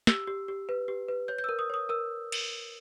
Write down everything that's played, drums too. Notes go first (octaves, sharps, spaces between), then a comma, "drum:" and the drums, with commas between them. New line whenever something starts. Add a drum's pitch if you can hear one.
G4 E6, drum: snare
G4
G4
B4
G4
B4
C#5 G6
G6
A#4 E6
D#6
C#5 D#6
A#4 E6
drum: cymbal